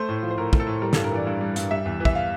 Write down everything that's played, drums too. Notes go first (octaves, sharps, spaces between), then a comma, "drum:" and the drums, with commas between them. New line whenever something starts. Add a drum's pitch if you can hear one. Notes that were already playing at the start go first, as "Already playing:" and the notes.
Already playing: A3 C5
A2
F3
C5
A2 A#4
A3, drum: kick
A4
A2
G3 A#4
A4, drum: snare
G2
A#4
E3 D5
G2
G3
G2, drum: hi-hat
G3 E5
E2
E3
E5, drum: kick
F5